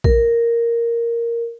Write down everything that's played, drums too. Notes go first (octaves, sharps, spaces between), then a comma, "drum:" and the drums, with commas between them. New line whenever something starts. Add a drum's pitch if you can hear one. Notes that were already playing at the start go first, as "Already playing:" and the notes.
A#4, drum: kick A#1